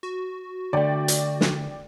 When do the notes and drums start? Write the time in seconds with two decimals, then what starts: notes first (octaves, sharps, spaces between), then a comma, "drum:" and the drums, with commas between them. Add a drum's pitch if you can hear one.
0.03 F#4
0.73 D3 A3 D5 G5
1.08 drum: hi-hat
1.41 drum: snare